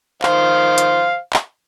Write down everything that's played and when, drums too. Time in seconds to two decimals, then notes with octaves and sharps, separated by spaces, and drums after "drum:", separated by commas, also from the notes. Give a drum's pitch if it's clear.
0.22 D#3 C5 F5, drum: clap
0.78 drum: hi-hat
1.33 drum: clap